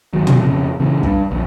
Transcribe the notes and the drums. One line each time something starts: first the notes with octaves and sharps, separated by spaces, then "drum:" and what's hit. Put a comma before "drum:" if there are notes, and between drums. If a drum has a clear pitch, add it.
G1 D#3 F#3
drum: tom
F2 C#3
A#2 C#3 E3
G2, drum: kick
A#1 F2